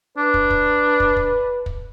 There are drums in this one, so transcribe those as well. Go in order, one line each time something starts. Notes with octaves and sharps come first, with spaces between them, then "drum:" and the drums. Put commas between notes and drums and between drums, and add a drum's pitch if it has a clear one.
D4 B4
drum: kick
drum: kick
drum: kick
drum: kick
drum: kick